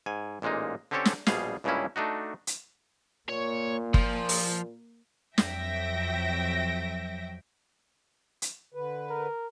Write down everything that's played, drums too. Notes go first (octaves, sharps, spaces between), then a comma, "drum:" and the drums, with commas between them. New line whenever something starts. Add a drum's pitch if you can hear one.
G#2 G#5
A1 A#2 G#3 A#3 D#4
D3 C4 C#4 G4 A4 C#5
drum: snare
A#1 B2 G3 G#4 F5, drum: snare
C#2 G2 C#3 A#3 C#4 E4
A3 D4 D#4 F#4
drum: hi-hat
A#2 A#3 C#5
F3, drum: kick G1
drum: open hi-hat
F2 F#3 E5 G5 A#6, drum: snare
drum: hi-hat
D3 B4
A#4